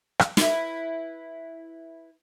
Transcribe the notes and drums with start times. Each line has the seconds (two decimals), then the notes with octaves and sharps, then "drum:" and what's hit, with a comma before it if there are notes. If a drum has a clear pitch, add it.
0.19 drum: rim click
0.37 E4 B4, drum: snare